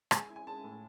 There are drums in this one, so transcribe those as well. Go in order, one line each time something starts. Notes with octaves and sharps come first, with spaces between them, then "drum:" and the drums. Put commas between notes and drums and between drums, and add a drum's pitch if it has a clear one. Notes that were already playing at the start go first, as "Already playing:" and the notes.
G#3 G#5, drum: rim click
E4
G#5
G#3 A5
A2